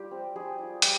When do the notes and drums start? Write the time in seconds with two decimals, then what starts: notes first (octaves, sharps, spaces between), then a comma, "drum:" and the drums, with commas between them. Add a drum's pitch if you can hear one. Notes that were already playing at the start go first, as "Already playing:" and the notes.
Already playing: G3 F4 G4
0.11 C4
0.36 G3 G#4
0.59 F4
0.82 G3 G4, drum: hi-hat